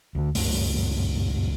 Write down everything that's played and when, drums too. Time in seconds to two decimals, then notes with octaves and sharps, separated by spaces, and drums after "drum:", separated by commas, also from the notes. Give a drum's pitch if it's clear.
0.15 D2 D3
0.35 F#1 C#2 G2 A3, drum: open hi-hat